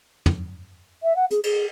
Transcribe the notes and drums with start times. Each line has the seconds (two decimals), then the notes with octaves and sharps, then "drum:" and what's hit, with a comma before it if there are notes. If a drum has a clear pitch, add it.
0.26 drum: tom
1.03 E5
1.16 F#5
1.31 G#4, drum: hi-hat
1.43 G#4, drum: cymbal